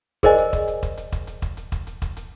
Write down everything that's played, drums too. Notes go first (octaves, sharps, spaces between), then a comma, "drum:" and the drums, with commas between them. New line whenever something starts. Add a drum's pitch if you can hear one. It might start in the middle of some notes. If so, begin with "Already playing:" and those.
G#4 A#4 C5 D5 D#5 G#5, drum: kick, hi-hat
drum: hi-hat
drum: kick, hi-hat
drum: hi-hat
drum: kick, hi-hat
drum: hi-hat
drum: kick, hi-hat
drum: hi-hat
drum: kick, hi-hat
drum: hi-hat
drum: kick, hi-hat
drum: hi-hat
drum: kick, hi-hat
drum: hi-hat